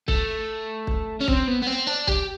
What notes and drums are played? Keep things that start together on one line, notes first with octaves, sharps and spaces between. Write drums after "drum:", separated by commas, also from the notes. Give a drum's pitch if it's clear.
A3, drum: kick
drum: kick
C#4
C4, drum: kick
B3
B3
C4
D4
G4, drum: kick